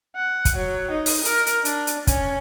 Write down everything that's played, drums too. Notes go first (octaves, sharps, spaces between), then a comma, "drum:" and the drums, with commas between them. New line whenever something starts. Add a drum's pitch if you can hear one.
F#5
drum: kick, hi-hat
F#3
D#4
drum: open hi-hat
A#4, drum: hi-hat
drum: hi-hat
D4, drum: hi-hat
drum: hi-hat
C#4, drum: kick, hi-hat